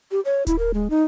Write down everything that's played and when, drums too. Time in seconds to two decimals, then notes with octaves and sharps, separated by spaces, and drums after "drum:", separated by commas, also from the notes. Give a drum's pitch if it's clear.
0.11 G4
0.25 C#5
0.47 E4, drum: kick D1, hi-hat
0.59 A#4
0.74 G#3
0.90 D#4